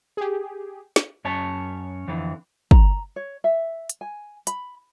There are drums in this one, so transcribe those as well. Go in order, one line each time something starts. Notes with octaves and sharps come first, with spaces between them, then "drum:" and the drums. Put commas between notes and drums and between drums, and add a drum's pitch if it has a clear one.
G4 G#4
drum: snare
F#2 C#4 C#5 A5
F2 D3 E3
A#5, drum: kick
C#5
E5
drum: hi-hat
G#5
B5, drum: hi-hat